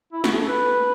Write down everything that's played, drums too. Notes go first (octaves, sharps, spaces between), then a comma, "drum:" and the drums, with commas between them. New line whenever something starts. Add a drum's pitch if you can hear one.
E4
F#4, drum: snare
A4
B4